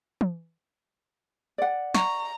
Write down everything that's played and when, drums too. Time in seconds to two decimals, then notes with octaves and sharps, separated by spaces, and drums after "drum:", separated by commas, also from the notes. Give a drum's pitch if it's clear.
0.21 drum: tom
1.58 D5 F#5
1.94 A#5 C#6, drum: snare